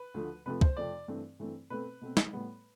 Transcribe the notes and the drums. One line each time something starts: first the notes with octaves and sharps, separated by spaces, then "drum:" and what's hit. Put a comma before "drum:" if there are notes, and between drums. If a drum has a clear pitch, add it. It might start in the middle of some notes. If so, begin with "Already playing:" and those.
Already playing: B4
D2 D3 F3 A3
F2 C3 F3 A3 B4
C5, drum: kick
F2 C3 F3 A3 D5
G2 E3 A3 C4
G2 E3 A3 C4
B2 A3 C4 B4
B2 A3 C4
drum: snare
A2 G3 B3